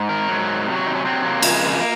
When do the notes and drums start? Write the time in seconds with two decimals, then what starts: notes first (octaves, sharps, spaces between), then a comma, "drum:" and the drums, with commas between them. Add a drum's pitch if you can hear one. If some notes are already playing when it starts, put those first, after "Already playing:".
Already playing: G#2
0.09 A#4
0.29 G#2 F#3
0.67 C3 F#3
0.76 F#4
0.86 D#4
0.95 C#4
1.05 C3 F#3 C4
1.24 A#3
1.42 F2 C#3 G#3, drum: cymbal